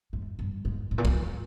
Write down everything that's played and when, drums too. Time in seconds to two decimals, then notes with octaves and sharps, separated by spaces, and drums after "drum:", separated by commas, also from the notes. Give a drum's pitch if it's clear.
0.13 G#2
0.39 G2
0.65 G#2
0.91 G#2
0.98 A#2
1.05 G#2, drum: kick